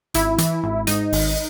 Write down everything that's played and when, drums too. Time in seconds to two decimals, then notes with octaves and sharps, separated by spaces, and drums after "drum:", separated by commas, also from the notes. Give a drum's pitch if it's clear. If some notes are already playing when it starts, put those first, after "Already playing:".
0.14 G#1 E4, drum: hi-hat
0.38 E3, drum: hi-hat
0.64 G#1
0.87 G#2 D#4, drum: hi-hat
1.13 G#1, drum: open hi-hat